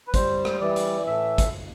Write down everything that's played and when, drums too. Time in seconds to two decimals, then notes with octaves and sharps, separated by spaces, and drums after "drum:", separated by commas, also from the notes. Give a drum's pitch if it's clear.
0.08 B4
0.14 G3 C5, drum: kick, hi-hat
0.45 drum: rim click
0.61 E3 D5
0.76 drum: hi-hat
1.07 A2 E5
1.38 drum: kick, hi-hat